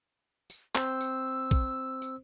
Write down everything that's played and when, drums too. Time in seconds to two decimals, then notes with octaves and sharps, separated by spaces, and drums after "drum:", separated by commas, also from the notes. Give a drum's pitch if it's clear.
0.50 drum: tambourine
0.75 C4 C5 E6, drum: clap
1.01 drum: tambourine
1.51 drum: kick A#1, tambourine
2.02 drum: tambourine